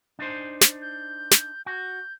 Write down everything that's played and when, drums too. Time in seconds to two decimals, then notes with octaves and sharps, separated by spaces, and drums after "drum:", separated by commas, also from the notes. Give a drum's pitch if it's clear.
0.19 D4 D#4 C5
0.61 drum: snare
0.81 G6
1.31 drum: snare
1.66 F#4 G6